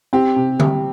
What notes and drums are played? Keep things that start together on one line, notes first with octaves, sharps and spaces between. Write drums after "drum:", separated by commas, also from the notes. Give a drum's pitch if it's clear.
C4 G4
C3
G3, drum: tom D3